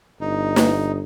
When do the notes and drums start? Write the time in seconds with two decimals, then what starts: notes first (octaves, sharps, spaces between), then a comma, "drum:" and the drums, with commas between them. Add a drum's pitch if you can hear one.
0.21 G1 D#4
0.56 drum: snare